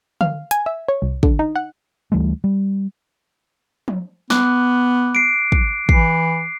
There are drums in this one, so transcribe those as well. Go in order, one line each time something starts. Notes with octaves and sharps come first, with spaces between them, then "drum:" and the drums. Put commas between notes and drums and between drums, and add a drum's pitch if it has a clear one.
F5, drum: tom D3
G#5, drum: hi-hat
E5
C#5
C2
D3, drum: kick
D#4
F#5
D2 E3 G3 A3
G3
drum: tom F3
B3 D6 F#6, drum: snare
C7 D7
drum: kick
E3 C7, drum: kick